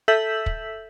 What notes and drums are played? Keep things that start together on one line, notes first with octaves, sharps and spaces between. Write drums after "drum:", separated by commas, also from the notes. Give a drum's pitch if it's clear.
A4 E5 E6 G6 B6 F#7
drum: kick